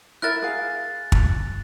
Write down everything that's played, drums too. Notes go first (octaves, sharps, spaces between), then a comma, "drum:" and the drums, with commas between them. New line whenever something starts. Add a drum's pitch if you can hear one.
E4 A#4 E5 F#6 A6
G#4 F5
drum: kick